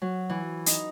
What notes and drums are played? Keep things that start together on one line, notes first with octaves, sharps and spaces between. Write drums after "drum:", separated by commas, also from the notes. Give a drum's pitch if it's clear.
F#3
E3
D#4, drum: hi-hat